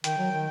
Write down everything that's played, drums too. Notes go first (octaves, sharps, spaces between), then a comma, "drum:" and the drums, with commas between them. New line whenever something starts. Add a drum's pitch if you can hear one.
D#3 G5, drum: hi-hat
F#3
D#3